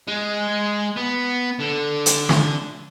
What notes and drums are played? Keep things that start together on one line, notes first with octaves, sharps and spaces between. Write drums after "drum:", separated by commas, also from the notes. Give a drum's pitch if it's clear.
G#3
B3
D3
drum: hi-hat
drum: snare